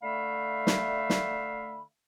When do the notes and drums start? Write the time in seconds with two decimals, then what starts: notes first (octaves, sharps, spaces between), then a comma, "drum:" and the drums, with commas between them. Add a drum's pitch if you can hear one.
0.03 D3 A3 E5 F5 B5
0.67 drum: snare
1.10 drum: snare